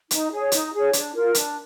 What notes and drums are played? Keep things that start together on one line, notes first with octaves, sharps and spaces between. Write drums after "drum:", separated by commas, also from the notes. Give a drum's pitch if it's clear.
D#4, drum: hi-hat
G#4 C#5
D#4, drum: hi-hat
G#4 C#5
D4, drum: hi-hat
F4 A#4
D4, drum: hi-hat